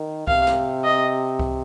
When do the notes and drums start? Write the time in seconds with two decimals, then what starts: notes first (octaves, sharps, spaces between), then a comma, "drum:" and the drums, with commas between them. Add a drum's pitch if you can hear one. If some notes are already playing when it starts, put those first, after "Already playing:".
Already playing: D#3
0.27 C3 F5, drum: kick C2
0.47 drum: snare
0.84 D#5
1.39 drum: kick C2